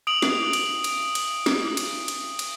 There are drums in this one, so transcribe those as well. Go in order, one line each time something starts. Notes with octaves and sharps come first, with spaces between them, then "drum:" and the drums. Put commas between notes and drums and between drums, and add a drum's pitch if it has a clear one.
D#6 D7 F7 F#7
drum: snare
drum: cymbal
drum: cymbal
drum: cymbal
drum: snare
drum: cymbal
drum: cymbal
drum: cymbal